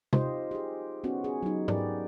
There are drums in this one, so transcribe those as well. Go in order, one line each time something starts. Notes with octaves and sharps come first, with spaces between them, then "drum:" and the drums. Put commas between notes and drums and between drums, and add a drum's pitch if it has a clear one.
D#4 F4 G4 C5 D#5, drum: tom
G4 G#4
B3 C#4 F#4
G#4
F#3 D#4
G4 G#4 A#4 B4 D5, drum: tom G#2